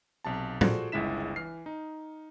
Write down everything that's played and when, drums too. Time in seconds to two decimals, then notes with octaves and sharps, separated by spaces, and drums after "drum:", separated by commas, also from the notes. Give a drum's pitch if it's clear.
0.24 B1 C3 A5
0.61 F4 F#4 G#4 A4 C5 D5, drum: tom
0.92 G1 C#2 G#3 E4 B6 E7
1.36 E3 F6 C7
1.66 D#4